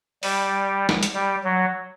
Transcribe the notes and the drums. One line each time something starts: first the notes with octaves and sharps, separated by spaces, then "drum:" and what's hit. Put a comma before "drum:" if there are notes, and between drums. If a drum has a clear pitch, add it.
G3, drum: open hi-hat
drum: snare
drum: hi-hat
G3
F#3